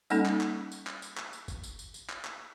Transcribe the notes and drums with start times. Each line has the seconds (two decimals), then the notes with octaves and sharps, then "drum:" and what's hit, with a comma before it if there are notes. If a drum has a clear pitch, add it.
0.10 G3 A#3 C#4 D#4 A4, drum: tambourine
0.26 drum: clap
0.41 drum: clap
0.72 drum: tambourine
0.87 drum: clap
1.02 drum: tambourine
1.18 drum: clap
1.33 drum: tambourine
1.48 drum: kick G1, tambourine
1.64 drum: tambourine
1.79 drum: tambourine
1.94 drum: tambourine
2.09 drum: clap
2.25 drum: clap